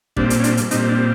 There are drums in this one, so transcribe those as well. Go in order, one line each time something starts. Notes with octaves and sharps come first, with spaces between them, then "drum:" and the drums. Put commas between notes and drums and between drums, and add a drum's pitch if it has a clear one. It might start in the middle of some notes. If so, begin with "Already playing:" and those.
A#2 G3 C4 D4, drum: kick
drum: hi-hat
C#4
D4, drum: hi-hat
drum: hi-hat
A#2 G3 C4 D#4, drum: hi-hat
D4